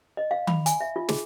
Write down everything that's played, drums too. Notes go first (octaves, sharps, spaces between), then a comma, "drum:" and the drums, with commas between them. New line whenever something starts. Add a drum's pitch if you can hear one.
D#5
F5
B5, drum: tom D#3
G#5, drum: hi-hat
E5
F4
G#4, drum: snare